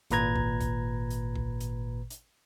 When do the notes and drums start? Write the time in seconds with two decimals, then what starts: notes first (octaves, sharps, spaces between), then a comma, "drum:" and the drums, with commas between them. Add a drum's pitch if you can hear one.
0.11 G#1 A#2 B4 A#5 G#6, drum: hi-hat
0.35 drum: kick C2
0.60 drum: kick C2, hi-hat
1.10 drum: hi-hat
1.35 drum: kick C2
1.60 drum: hi-hat
2.10 drum: hi-hat